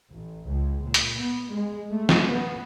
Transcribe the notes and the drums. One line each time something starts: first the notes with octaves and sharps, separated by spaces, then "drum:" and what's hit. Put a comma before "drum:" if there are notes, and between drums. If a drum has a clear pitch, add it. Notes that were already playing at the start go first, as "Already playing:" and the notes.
A1
C#2
A#2
drum: hi-hat
B3
G#3
A3
drum: snare
B3